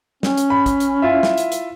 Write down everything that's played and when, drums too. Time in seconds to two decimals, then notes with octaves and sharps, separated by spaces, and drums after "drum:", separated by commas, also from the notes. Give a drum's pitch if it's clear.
0.23 C#4, drum: snare
0.37 drum: hi-hat
0.50 B5
0.66 drum: kick, hi-hat
0.80 drum: hi-hat
1.02 E4 F4 E5
1.23 drum: snare
1.37 drum: hi-hat
1.52 drum: hi-hat